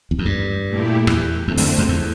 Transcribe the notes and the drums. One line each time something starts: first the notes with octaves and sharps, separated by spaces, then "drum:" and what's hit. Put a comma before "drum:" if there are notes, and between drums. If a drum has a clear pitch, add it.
E2
F2
G2
A#2 A3 E4 G4
E2, drum: rim click
E2 D3 A3 C4
F2, drum: open hi-hat
F2
E2